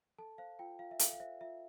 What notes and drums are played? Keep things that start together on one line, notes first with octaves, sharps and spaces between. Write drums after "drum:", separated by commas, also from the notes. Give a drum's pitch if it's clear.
A4 A5
C5 F5
F4 G5
F4 F5
E5
A4 F5, drum: hi-hat
F5
C5 E5
F4 E5